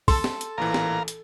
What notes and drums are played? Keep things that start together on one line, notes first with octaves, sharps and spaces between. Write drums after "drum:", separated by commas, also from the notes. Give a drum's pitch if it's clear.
A4 C6, drum: kick, open hi-hat
drum: snare
drum: hi-hat
A1 A#2 E3 A#4 F5 A#5
drum: snare
drum: hi-hat